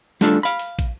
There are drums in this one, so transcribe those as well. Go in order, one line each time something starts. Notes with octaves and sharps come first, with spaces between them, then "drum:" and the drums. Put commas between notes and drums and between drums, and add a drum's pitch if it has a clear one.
G3 A3 D4 F4 A4, drum: snare
F5 B5
drum: hi-hat
drum: kick, hi-hat